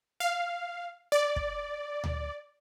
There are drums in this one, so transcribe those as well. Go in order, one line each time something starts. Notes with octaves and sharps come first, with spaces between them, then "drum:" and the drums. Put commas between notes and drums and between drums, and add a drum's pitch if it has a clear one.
F5
D5
drum: kick
drum: tom D2